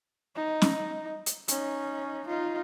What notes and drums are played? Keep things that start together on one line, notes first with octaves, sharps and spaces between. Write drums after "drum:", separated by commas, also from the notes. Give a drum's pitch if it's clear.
D#4
drum: snare C#4
drum: hi-hat
C#4 D#4, drum: hi-hat
D#4 F4